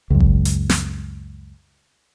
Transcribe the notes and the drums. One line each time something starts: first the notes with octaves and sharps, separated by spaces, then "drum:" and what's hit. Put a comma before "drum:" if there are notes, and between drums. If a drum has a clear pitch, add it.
C#2 F#2
drum: kick G#1
drum: hi-hat
drum: snare